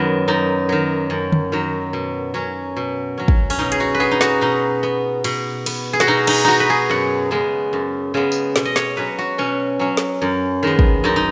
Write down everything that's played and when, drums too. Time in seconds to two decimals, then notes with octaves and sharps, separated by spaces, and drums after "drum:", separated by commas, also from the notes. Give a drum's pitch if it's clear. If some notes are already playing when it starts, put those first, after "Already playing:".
Already playing: F#2 D#3 F#3 B3
0.28 F#2 D#4
0.69 D#3 F#3
1.10 F#2
1.32 drum: tom D3
1.52 D#3 F#3
1.93 B2
2.34 F#3 C#4
2.77 B2
3.17 F#3 C#4
3.28 drum: kick
3.50 C#4, drum: open hi-hat
3.59 B2 D#4
3.72 G#4, drum: hi-hat
3.80 F#4
3.94 B4
4.00 B3 G#4
4.11 D#4
4.21 F#4, drum: snare
4.41 B2 D#4
4.83 B3
5.24 B2, drum: cymbal
5.66 B3, drum: cymbal
5.93 G#4
6.00 F#4, drum: snare
6.07 B2 D#4
6.27 D#4, drum: cymbal
6.45 B3 D#4 F#4
6.60 B4
6.70 G#4
6.89 F#2 F#5
7.31 C#3 G#3 B3
7.73 F#2
8.14 C#3 G#3 B3
8.32 drum: tambourine
8.56 B2, drum: snare
8.65 D#5
8.76 C#5, drum: snare
8.97 F#3 C#4 B4
9.18 F#4
9.38 B2 C#4
9.79 F#3 C#4
9.97 drum: snare
10.22 F#2
10.63 D#3 G#3 B3
10.79 drum: kick
11.04 F#2 D#4
11.16 D#4